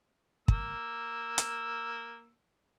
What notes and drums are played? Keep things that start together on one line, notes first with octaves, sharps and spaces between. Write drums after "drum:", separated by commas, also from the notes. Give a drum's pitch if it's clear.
A#3 E6, drum: kick
drum: hi-hat